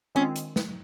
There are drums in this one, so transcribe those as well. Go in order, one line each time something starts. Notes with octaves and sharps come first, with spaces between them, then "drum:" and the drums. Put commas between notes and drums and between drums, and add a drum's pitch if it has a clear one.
D#3 G#3 C4 C#4 F4
drum: hi-hat
drum: snare